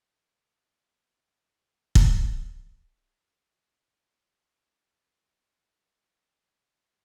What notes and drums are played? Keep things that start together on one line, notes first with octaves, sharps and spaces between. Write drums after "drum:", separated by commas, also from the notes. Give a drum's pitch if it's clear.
E3 A4 B4 D#5 A#5
drum: kick
E5
C6 C#6
F#4
B2
C4